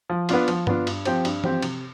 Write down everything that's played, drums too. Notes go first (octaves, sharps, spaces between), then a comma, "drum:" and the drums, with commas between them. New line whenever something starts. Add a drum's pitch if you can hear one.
F3
B3 D4 F4, drum: cymbal
F3, drum: cymbal
B3 D4 F4, drum: tom G2
G2, drum: cymbal
F3 C4 G4 C5, drum: cymbal
G2, drum: cymbal
F3 C4 G4 C5, drum: tom E3
C3, drum: cymbal